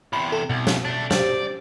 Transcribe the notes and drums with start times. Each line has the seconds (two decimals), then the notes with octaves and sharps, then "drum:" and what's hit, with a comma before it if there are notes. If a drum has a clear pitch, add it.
0.13 E2 C3 B5
0.32 A4
0.50 C2 B2
0.67 drum: snare
0.85 A3 D4
1.11 G4 C5 D5, drum: snare